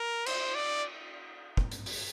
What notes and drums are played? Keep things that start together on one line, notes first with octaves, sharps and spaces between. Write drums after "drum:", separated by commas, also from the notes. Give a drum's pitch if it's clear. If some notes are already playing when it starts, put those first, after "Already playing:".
Already playing: A#4
C5, drum: cymbal
D5
drum: kick
drum: hi-hat
drum: open hi-hat